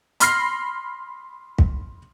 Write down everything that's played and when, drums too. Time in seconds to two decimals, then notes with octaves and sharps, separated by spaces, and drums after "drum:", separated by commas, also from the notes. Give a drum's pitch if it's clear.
0.20 B5 C6 F6 A#6 C7, drum: hi-hat
1.58 drum: kick